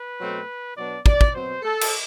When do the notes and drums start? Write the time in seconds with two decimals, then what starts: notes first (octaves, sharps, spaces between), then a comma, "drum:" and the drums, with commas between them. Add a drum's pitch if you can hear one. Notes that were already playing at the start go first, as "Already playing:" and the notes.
Already playing: B4
0.20 B2 F#3 A3 C4
0.77 B2 F#3 B3 D4 D5
1.06 D5, drum: kick
1.21 drum: kick
1.34 B2 F#3 C4 C5
1.62 A4
1.81 drum: cymbal